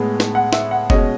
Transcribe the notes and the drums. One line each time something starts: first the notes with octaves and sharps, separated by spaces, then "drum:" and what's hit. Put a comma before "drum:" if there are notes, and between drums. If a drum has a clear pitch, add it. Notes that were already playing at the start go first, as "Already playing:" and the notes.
Already playing: A2 G#3 B3
drum: snare
F#5
E5, drum: snare
F#5
B2 G#3 C#4 D#5, drum: kick F1